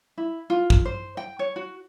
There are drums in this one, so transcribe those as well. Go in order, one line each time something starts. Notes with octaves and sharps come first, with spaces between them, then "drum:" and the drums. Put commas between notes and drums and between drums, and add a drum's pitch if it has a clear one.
E4
F4
drum: kick
C5
G5
C#5
F#4